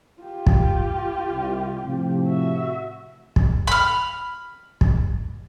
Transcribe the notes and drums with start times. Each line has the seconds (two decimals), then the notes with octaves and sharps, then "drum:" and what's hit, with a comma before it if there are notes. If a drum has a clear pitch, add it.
0.22 F4 G4
0.47 drum: kick
1.31 C2
1.83 A2 C3 F3
2.28 F#4 E5
3.36 drum: kick
3.67 B5 F6
4.81 drum: kick